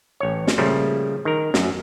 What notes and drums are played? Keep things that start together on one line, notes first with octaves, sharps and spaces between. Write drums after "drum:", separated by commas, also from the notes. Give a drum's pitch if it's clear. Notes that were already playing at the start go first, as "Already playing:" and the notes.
A1 C#5
drum: snare
A#2 C#3 F3 G3 A3
D#3 A#4
F#2, drum: snare